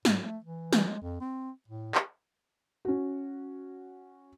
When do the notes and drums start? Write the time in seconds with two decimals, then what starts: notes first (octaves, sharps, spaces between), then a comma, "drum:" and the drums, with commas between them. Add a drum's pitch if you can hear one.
0.05 G#2, drum: snare
0.24 A3
0.44 E3
0.73 E3, drum: snare
0.87 G#3
1.02 F2
1.21 C4
1.68 A2
1.95 G4, drum: clap
2.85 C#4 F#4